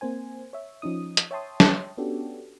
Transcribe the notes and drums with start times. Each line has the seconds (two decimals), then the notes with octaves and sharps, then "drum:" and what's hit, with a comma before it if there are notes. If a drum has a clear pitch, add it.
0.01 A#3 C4 C5 G#5
0.53 C#5 E5
0.82 F3 C#4 D#4 D#6
1.17 drum: hi-hat
1.31 C#5 E5 G5 A5 C6 D#6
1.60 drum: snare
1.97 B3 C#4 D4 F#4 G4 A4